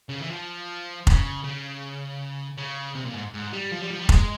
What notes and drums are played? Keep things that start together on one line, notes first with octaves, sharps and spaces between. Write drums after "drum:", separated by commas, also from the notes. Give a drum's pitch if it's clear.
C#3
E3
F3
C#3, drum: kick F1
C#3
C#3
C3
A#2
G#2
G#2
G3
F3
G3
F3
G3
G#3, drum: kick F1